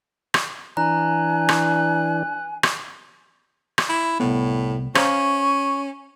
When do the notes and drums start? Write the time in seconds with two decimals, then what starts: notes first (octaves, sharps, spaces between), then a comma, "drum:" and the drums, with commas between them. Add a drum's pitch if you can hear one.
0.34 drum: rim click
0.77 E3 D4 G#5 A#5 F#6
1.49 drum: rim click
2.63 drum: rim click
3.78 drum: rim click
3.89 E4
4.20 C2 A2 B3
4.95 C#4 C5 F5 A#5 C#6, drum: rim click